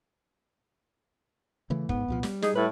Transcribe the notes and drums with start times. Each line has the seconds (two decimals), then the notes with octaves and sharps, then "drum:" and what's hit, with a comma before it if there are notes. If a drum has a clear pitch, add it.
1.70 C#3 E3 A3
1.89 G#2 B3, drum: kick
2.08 C2 A#2 F3
2.23 G3, drum: snare
2.42 D#4 G#4, drum: snare
2.55 A2 B4